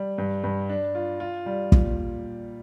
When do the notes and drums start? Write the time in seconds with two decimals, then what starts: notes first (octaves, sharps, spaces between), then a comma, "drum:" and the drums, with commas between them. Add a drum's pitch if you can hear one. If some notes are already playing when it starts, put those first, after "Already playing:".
Already playing: G3
0.18 G2
0.44 G2
0.69 D4
0.95 F4
1.20 F4
1.46 G3
1.72 A#2, drum: kick